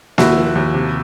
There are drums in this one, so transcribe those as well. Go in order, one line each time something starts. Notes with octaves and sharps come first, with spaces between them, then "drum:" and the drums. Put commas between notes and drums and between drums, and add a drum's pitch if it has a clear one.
D#2 E4 F#4, drum: snare A#3
F3
D#2
C3